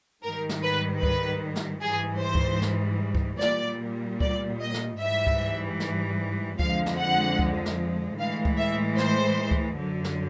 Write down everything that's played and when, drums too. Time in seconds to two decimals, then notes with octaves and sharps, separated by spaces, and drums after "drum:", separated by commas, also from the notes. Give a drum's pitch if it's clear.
0.22 G#2 D#3 G3 A#4
0.49 drum: snare
0.63 B4
1.03 B4, drum: kick C#2
1.55 drum: snare
1.81 G#2 E3 G3 G#4
2.21 C5
2.35 drum: kick C#2
2.62 drum: snare
3.15 drum: kick C#2
3.41 A#2 G3 D5, drum: snare
4.20 D5, drum: kick C#2
4.61 D#5
4.74 drum: snare
5.00 G#2 E3 G3 E5
5.27 drum: kick C#2
5.80 drum: snare
6.59 F2 D3 F3 G#3 F5, drum: kick C#2
6.86 drum: snare
6.99 F#5
7.39 drum: kick C#2
7.66 drum: snare
8.19 A2 E3 G#3 F5
8.45 drum: kick C#2
8.58 E5
8.98 C5, drum: snare
9.51 drum: kick C#2
9.78 F#2 D3 F#3
10.04 drum: snare